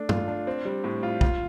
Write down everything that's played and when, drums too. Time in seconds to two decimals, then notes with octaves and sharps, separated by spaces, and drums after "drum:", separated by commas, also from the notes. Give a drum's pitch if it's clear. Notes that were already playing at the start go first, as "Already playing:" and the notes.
Already playing: A3 D4
0.09 F4, drum: tom
0.28 D4
0.47 C4
0.65 G3
0.84 A2
1.03 F4
1.21 F4, drum: kick